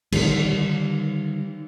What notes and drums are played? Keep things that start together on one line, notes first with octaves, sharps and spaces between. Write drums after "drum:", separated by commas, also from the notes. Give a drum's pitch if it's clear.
D3 D#3 G3, drum: cymbal